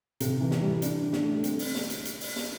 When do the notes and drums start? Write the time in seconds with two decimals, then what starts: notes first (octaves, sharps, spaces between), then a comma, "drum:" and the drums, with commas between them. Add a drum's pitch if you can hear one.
0.20 C3, drum: hi-hat
0.41 E3
0.51 drum: snare
0.61 G3
0.82 D4, drum: hi-hat
1.03 D3
1.13 drum: snare
1.23 A3
1.44 C4, drum: hi-hat
1.59 drum: open hi-hat
1.74 drum: snare
1.90 drum: hi-hat
2.05 drum: hi-hat
2.21 drum: open hi-hat
2.36 drum: snare